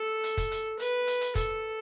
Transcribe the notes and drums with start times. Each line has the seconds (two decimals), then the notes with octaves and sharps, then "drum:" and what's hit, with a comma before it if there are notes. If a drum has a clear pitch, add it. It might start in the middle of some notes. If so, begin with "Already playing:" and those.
Already playing: A4
0.24 drum: hi-hat
0.37 drum: kick, hi-hat
0.51 drum: hi-hat
0.79 B4, drum: hi-hat
1.07 drum: hi-hat
1.21 drum: hi-hat
1.35 A4, drum: kick, hi-hat